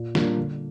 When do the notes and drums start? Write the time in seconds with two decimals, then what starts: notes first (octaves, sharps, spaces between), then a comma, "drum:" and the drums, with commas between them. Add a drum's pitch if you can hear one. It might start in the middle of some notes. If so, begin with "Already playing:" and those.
Already playing: A#2
0.15 G3 A#3 D4 F4, drum: snare
0.38 D3